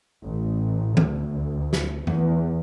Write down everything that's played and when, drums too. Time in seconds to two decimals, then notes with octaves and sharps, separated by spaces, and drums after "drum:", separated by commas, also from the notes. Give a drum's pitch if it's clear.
0.23 A1
0.97 D2, drum: tom D#3
1.73 drum: snare
2.07 E2, drum: tom F2